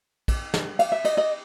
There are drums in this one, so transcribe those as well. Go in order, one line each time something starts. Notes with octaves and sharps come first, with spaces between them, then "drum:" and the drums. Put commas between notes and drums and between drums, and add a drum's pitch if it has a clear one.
drum: kick, cymbal
drum: snare
F5, drum: cymbal
E5
D#5, drum: cymbal
D#5